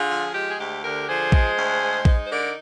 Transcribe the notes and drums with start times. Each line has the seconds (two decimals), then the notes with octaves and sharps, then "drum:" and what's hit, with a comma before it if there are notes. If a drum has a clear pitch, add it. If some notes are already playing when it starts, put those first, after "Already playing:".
Already playing: D3 F4 G#4
0.10 F3
0.34 G#3 G4
0.47 G#4
0.59 D2 G4
0.83 D3 G4 A#4
1.08 F3 G#4 C5
1.32 G#3, drum: kick A#1
1.56 D2
1.81 G#3
2.05 D#4, drum: kick A#1
2.25 C5
2.30 D3 A#4 D5